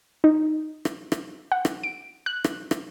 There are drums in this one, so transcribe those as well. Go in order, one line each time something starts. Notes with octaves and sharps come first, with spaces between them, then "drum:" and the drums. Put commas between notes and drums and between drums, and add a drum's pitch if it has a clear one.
D#4
drum: rim click
drum: rim click
F#5
drum: rim click
D7
F#6
drum: rim click
drum: rim click